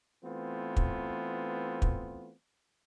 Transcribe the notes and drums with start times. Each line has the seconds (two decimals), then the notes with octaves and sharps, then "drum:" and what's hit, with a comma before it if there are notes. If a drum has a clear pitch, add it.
0.24 E3 A3 B3 C4 F4
0.77 drum: kick
1.82 drum: kick